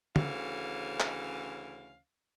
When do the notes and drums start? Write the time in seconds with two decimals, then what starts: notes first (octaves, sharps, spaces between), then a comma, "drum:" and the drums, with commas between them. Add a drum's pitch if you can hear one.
0.16 D2 C#3 E3 C#4 F5, drum: tom
1.00 drum: clap